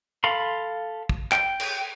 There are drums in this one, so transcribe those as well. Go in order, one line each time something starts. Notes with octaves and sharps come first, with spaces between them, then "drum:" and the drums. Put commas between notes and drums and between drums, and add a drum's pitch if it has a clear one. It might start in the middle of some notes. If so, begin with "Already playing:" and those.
A4 F5 B5 C6
drum: kick
G5, drum: clap
drum: cymbal